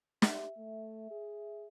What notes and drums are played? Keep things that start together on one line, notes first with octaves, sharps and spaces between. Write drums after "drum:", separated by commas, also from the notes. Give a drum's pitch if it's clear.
G4 E5, drum: snare
A3
G#4